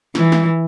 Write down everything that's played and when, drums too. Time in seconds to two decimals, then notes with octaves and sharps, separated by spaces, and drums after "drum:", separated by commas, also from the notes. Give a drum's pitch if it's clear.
0.15 E3, drum: snare
0.32 drum: snare